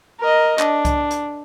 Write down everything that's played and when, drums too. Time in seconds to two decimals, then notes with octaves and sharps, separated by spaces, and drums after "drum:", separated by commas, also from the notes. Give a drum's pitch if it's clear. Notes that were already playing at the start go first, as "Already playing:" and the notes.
0.20 A#4 D#5
0.59 D4, drum: clap
0.85 drum: kick C2, hi-hat
1.11 drum: hi-hat